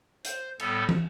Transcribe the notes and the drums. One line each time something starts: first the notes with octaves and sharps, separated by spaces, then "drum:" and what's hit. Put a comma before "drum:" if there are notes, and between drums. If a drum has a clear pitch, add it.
C5, drum: hi-hat
A2 G3 B3 A4, drum: cymbal
drum: tom